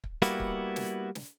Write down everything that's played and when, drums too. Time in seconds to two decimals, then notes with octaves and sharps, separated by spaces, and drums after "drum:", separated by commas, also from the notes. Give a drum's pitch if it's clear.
0.04 drum: kick
0.22 G3 A#3 B3 E4 F#4, drum: hi-hat
0.40 drum: kick
0.76 drum: snare
1.15 drum: snare